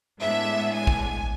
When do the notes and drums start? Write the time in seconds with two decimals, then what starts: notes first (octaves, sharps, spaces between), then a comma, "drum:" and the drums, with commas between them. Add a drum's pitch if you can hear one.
0.20 A2 G#3 B3 D4 E5
0.73 G#5
0.87 drum: kick A#1